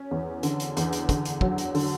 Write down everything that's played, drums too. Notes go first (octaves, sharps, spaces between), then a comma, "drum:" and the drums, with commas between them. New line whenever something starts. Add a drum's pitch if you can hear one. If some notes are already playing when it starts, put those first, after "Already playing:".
Already playing: C#4
E2
D3, drum: hi-hat
drum: hi-hat
E2, drum: hi-hat
drum: hi-hat
D3, drum: kick, hi-hat
drum: hi-hat
F#3, drum: kick
drum: hi-hat
D3, drum: open hi-hat